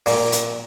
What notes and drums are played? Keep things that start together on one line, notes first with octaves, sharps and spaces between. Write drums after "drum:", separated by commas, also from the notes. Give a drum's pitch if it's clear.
A#2, drum: open hi-hat
drum: hi-hat